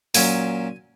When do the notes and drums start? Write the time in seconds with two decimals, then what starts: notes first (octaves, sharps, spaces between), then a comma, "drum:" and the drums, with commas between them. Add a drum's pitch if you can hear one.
0.14 A#2 F#3 C#4 G#5, drum: open hi-hat